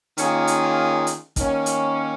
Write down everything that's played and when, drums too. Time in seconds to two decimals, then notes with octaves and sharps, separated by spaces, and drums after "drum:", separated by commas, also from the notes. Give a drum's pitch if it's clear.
0.18 D#3 A#3 C#4 F4 G#4, drum: hi-hat
0.47 drum: hi-hat
1.07 drum: hi-hat
1.36 D#3 A#3 C#4, drum: kick A1, hi-hat
1.66 drum: hi-hat